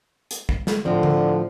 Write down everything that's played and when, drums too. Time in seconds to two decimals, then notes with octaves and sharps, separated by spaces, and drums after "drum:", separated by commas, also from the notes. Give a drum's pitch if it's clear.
0.31 drum: hi-hat
0.49 drum: kick
0.67 drum: snare
0.85 A2 D3 F3 C4
1.03 drum: tom D3